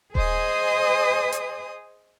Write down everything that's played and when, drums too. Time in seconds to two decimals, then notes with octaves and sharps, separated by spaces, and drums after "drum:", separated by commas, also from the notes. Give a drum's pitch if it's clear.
0.15 G#4 C5 D#5 G#5 D#6, drum: kick D#1
1.32 drum: hi-hat